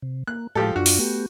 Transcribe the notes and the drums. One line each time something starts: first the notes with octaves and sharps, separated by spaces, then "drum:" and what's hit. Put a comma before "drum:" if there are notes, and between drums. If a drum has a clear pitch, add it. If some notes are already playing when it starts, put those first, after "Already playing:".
C3
A#3 F#6
A2 F3 G#3 G4 A4
F#2 D4 F4 F#4
drum: open hi-hat
A3 B3 G4